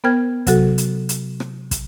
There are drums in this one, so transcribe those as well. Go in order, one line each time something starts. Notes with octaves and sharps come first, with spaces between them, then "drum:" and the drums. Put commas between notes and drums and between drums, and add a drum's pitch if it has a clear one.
B3 A#4 C5 G5 F6 G#6
C3 F#3 F#4 A4, drum: kick, hi-hat
drum: hi-hat
drum: hi-hat
drum: rim click
drum: kick, hi-hat